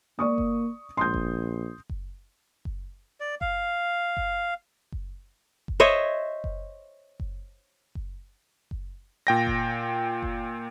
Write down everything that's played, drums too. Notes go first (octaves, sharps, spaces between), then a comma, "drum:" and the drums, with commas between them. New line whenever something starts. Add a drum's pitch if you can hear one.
A#3 D5 C#6 D#6
drum: kick F#1
A#1 C6 D#6 G6
drum: kick F#1
drum: kick F#1
drum: kick F#1
D5
F5, drum: kick F#1
drum: kick F#1
drum: kick F#1
drum: kick F#1
C5 C#5 D#5 E5
drum: kick F#1
drum: kick F#1
drum: kick F#1
drum: kick F#1
A#2 G5 A#6
drum: kick F#1
drum: kick F#1